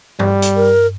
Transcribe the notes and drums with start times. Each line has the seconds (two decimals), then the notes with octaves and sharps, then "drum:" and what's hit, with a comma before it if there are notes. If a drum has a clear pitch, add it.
0.19 G3, drum: tom G2
0.42 drum: hi-hat
0.56 A#4